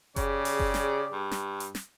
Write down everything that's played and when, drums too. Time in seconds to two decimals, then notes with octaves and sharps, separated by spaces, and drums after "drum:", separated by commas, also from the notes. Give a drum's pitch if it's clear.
0.16 C#3 G4 G#4 D5, drum: kick F#1, hi-hat
0.45 drum: open hi-hat
0.59 drum: kick F#1
0.74 drum: snare
1.13 G2
1.31 drum: snare
1.60 drum: hi-hat
1.75 drum: snare